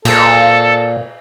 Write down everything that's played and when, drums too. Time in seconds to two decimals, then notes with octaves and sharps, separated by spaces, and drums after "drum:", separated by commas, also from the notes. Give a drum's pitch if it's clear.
0.05 A#2 A4, drum: cymbal